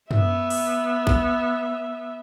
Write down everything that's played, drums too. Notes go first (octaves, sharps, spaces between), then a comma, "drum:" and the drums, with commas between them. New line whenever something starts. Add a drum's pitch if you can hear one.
B3 E5, drum: tom F#2
drum: open hi-hat
drum: kick